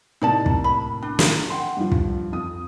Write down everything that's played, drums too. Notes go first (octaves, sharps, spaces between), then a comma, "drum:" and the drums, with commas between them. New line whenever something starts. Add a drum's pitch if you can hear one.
A2 C3 A#3 D#4 D5 A5
drum: kick
B5
D4
drum: snare
F#5 G5 C6
G2 F3
drum: kick
F2 D#6